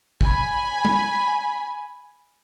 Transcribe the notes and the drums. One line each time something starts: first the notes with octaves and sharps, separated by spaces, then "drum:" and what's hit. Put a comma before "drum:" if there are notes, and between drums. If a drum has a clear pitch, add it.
G#5 B5, drum: kick
drum: tom